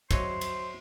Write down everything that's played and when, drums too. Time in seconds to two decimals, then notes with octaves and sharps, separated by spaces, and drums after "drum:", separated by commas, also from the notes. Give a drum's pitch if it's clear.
0.11 F#3 C5 C#5 D#5 E5 C6, drum: kick, cymbal
0.41 drum: cymbal